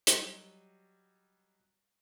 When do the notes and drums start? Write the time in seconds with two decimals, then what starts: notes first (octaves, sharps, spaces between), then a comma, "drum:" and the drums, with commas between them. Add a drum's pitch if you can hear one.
0.07 F#3 G3 D#5 C#6, drum: hi-hat